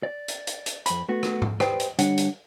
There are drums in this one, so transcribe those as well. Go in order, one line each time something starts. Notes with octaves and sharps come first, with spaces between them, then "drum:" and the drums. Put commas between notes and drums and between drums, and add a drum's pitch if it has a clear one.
D5
drum: hi-hat
drum: hi-hat
drum: hi-hat
F2 B5, drum: hi-hat
A3 B3 F#4
drum: rim click
drum: tom G#2
G4 B4 C5 D5 G5, drum: rim click
drum: hi-hat
D3 G3 D4 G4 C#5 F#5, drum: hi-hat
drum: hi-hat